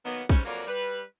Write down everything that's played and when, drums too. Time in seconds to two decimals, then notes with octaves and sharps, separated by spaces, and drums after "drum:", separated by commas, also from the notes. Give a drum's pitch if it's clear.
0.05 D#3 F#3 A#3 B3
0.29 G#2 G3 C4 C#4, drum: kick
0.45 F2 F#3 A#3 F4 A#4 D5
0.67 G3 B4